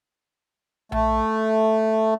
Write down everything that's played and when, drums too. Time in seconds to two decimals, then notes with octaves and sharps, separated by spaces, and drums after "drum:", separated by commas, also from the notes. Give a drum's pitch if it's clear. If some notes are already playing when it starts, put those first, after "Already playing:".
0.92 A3, drum: tom A#1